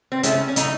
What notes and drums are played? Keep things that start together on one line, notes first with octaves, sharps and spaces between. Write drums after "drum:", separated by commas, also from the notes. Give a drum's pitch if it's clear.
C4
C#3 A3 C#4, drum: hi-hat
C#4
C#3 A3 D#4, drum: hi-hat